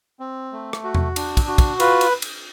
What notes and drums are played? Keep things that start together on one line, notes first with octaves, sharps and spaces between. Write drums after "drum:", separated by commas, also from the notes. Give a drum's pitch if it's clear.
C4
A3
drum: rim click
F#4
drum: tom E2
D4, drum: cymbal
drum: kick, cymbal
F#4
drum: kick, cymbal
F4 B4, drum: cymbal
drum: cymbal
drum: cymbal